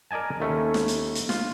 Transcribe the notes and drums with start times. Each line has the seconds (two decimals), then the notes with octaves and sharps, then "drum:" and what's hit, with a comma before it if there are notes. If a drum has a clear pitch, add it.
0.11 A#4 D5 D#5 G#5 A5
0.40 D#2 A3 C#4
0.74 drum: snare
0.88 drum: hi-hat
1.15 drum: hi-hat
1.29 F4, drum: snare